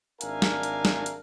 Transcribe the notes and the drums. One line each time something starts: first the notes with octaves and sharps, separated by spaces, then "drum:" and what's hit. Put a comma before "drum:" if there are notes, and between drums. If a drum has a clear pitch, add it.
G#1 D4 A#4 E5 F5 G#5, drum: hi-hat
drum: snare
drum: hi-hat
drum: snare
drum: hi-hat